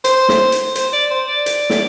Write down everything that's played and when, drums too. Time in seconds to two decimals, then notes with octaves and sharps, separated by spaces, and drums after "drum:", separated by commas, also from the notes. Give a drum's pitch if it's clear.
0.04 C5, drum: hi-hat
0.29 drum: snare
0.52 drum: hi-hat
0.75 C5, drum: hi-hat
0.93 D5
1.11 C5
1.28 D5
1.46 drum: hi-hat
1.70 drum: snare